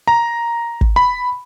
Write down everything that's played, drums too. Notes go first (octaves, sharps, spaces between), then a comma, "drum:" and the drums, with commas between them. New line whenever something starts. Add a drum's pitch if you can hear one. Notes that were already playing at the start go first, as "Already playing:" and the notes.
A#5
drum: kick
B5